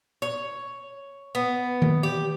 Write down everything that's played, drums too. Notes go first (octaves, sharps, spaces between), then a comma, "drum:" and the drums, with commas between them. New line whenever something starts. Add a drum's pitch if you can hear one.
C#5
B3
drum: tom D#3
G4